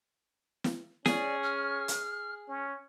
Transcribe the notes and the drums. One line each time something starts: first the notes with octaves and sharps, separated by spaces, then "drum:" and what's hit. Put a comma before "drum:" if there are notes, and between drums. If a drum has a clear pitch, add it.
drum: snare
C#4 G#4 D5, drum: snare
F6
drum: hi-hat
C#4